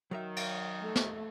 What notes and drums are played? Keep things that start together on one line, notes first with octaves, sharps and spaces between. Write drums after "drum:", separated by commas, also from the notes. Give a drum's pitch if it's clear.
D#3 F#3 A#4 E5
drum: cymbal
A3
drum: snare